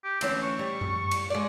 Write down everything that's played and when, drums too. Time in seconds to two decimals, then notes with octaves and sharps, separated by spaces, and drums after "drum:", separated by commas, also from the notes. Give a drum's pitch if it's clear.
0.05 G4
0.21 D2 E3 C4 C#4, drum: cymbal
0.43 C#6
0.59 G3
0.81 drum: tom F#2
1.11 drum: cymbal
1.30 G#3 D5